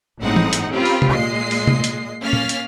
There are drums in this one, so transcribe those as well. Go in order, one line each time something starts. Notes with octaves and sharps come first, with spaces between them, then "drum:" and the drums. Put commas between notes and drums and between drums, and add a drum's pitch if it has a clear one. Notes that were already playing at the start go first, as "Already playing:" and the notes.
G1 A2 G#3 C4 D#4 F#5
drum: tom E3
drum: hi-hat
C4 C#4 F4 G4 A#4 B5
drum: open hi-hat
drum: tom C3
A#2 G#3 D#5 C7
drum: open hi-hat
drum: tom C3
drum: hi-hat
A#3 C#4 F5 F6 A6 B6
drum: tom A#2
drum: hi-hat